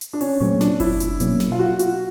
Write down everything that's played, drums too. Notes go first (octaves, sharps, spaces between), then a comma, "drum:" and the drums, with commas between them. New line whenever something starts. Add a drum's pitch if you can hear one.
drum: hi-hat
D4
C#4, drum: open hi-hat
A#2 F#3 A3 C4 C#4
D4, drum: snare
E4, drum: kick F#1, open hi-hat
drum: hi-hat
B2 F#3 A#3 C#4, drum: hi-hat
drum: snare
F4
F#4
F#4, drum: hi-hat